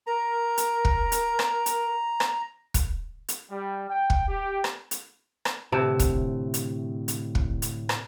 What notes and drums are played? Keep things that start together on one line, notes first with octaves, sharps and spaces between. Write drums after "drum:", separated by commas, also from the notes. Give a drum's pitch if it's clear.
A#4 A#5
drum: hi-hat
drum: kick
drum: hi-hat
drum: rim click
drum: hi-hat
drum: rim click
drum: kick, hi-hat
drum: hi-hat
G3
G5
drum: kick
G4
drum: rim click
drum: hi-hat
drum: rim click
D2 A2 C3 A5
drum: kick, hi-hat
drum: hi-hat
drum: hi-hat
drum: kick
drum: hi-hat
drum: rim click